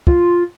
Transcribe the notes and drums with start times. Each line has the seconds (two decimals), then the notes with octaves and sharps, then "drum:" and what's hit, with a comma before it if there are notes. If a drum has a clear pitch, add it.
0.07 F4, drum: kick